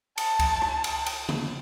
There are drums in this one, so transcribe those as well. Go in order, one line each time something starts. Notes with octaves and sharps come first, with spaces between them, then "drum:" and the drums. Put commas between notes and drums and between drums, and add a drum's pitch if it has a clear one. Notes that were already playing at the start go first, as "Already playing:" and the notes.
A5, drum: cymbal
drum: kick C#2, cymbal
drum: rim click
drum: cymbal
drum: cymbal
drum: tom C#3